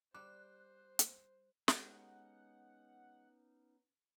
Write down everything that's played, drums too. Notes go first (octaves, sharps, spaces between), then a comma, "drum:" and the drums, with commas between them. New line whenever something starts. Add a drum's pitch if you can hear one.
G3 C5 D6 F#6
drum: hi-hat
G#3 B3 C#4 D#4 G4 A4 F#5, drum: snare